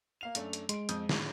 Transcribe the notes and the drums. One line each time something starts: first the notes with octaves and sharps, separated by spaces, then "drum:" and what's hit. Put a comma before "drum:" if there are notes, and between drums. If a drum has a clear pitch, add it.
A#3 F5 F7
F#2 A3 D4, drum: hi-hat
drum: hi-hat
G#3 C6 D7, drum: hi-hat
F2 D#6 G6, drum: hi-hat
A2 C#3 F#3, drum: snare